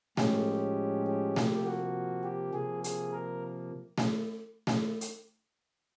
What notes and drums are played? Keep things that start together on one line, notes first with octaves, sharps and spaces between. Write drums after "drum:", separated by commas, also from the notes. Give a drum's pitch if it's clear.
A2 F3 G#3 C#4 G4, drum: snare A3
G4
C3 F3 A#3, drum: snare A3
F#4
G4
C3 F3 A#3 G#4
G#4, drum: hi-hat
A#4
drum: snare A3
drum: snare A3
drum: hi-hat